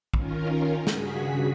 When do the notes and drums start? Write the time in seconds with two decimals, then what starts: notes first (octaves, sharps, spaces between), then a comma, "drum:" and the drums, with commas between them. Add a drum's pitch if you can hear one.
0.14 D#3 C#4 F4 A#4, drum: kick A#1
0.87 G2 C#3 F#4 G#4 B6, drum: snare